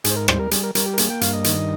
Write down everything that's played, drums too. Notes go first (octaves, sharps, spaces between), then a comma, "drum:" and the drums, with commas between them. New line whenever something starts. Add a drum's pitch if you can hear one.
G#2 G#4, drum: hi-hat
C5
A#4
G3 C5, drum: rim click
A#4
G3 G#4, drum: hi-hat
A#4
G3 A#4, drum: hi-hat
G4
A#4
A#3 G#4, drum: hi-hat
G5
G2 F5, drum: hi-hat
D#5
D#3, drum: hi-hat